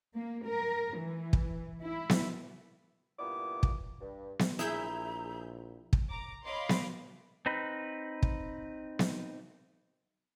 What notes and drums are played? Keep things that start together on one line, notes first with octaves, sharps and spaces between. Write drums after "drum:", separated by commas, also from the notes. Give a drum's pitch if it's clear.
A#3
A#4
E3
drum: kick
E4
drum: snare B3
G2 A#2 B3 E4 D6
drum: kick
G2
drum: snare B3
A#1 E4 G#4 E5 A#5 G6
drum: kick
A#5 D6
C#5 D#5 F5 B5 C6 D6
drum: snare B3
C4 D#4 B4
drum: kick
drum: snare B3